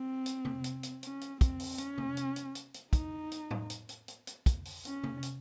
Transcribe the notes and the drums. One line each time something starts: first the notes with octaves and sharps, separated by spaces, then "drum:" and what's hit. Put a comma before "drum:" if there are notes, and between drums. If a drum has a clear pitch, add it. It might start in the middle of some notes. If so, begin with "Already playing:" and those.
Already playing: C4
drum: hi-hat
drum: tom
drum: hi-hat
drum: hi-hat
C#4, drum: hi-hat
drum: hi-hat
C4, drum: kick, hi-hat
drum: open hi-hat
C#4, drum: hi-hat
drum: tom
drum: hi-hat
drum: hi-hat
drum: hi-hat
drum: hi-hat
D#4, drum: kick, hi-hat
drum: hi-hat
drum: tom A2
drum: hi-hat
drum: hi-hat
drum: hi-hat
drum: hi-hat
drum: kick, hi-hat
drum: open hi-hat
C#4, drum: hi-hat
drum: tom
drum: hi-hat